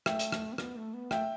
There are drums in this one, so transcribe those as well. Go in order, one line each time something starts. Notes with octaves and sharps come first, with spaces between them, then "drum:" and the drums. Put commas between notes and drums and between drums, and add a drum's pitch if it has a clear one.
A3 E5 G5, drum: rim click
drum: hi-hat
drum: rim click
C4
B3, drum: rim click
A3
B3
A3 E5 G5, drum: rim click